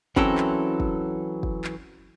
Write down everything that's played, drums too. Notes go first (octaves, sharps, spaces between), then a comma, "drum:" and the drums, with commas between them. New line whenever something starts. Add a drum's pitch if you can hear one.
E3 F#3 C4 C#4 E4 A4 A#4, drum: kick
drum: clap
drum: kick
drum: kick
drum: clap